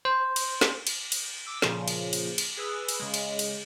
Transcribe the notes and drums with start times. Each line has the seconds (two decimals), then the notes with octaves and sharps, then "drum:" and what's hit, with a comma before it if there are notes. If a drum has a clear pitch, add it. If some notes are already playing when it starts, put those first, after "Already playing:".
0.05 C5
0.36 drum: cymbal
0.61 drum: snare
0.87 drum: cymbal
1.12 drum: cymbal
1.45 D6 E6 D7
1.62 A#2 C#3 F3, drum: snare
1.88 drum: cymbal
2.13 drum: cymbal
2.38 drum: cymbal
2.57 G#4 B4 E6
2.89 drum: cymbal
2.99 C#3 G#3
3.14 drum: cymbal
3.39 drum: cymbal